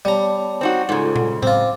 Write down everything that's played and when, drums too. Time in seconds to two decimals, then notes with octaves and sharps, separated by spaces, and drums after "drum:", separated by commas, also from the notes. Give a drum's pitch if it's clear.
0.05 G3 B3 C#5 A5 A#5
0.61 C4 D#4 F#4
0.89 G#2 C#3 F4 A4
1.16 drum: tom A#2
1.43 C4 F4 D6, drum: tom A2